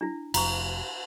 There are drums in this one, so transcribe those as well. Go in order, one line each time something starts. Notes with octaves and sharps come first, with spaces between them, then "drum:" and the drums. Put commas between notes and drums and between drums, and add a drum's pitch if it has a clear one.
D4 E4
F1 A#5 C#6, drum: cymbal